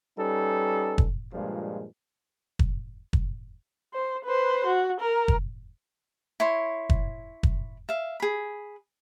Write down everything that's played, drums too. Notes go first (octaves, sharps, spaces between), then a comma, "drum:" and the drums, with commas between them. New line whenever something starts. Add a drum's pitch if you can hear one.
G3 C#4 D#4 A4 B4
drum: kick
G2 A#2 F3 G#3
drum: kick
drum: kick
C5
B4 C5
F#4
A#4
drum: kick
E4 C#5 C6
drum: kick
drum: kick
E5 F5
G#4 B5